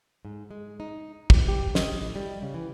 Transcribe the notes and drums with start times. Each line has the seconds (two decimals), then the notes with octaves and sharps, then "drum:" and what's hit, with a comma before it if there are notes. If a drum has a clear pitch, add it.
0.25 G#2
0.51 G#3
0.80 D#4
1.30 E3, drum: kick
1.48 G4
1.75 D#5, drum: snare
2.00 A2
2.16 G3
2.42 C#3
2.54 E3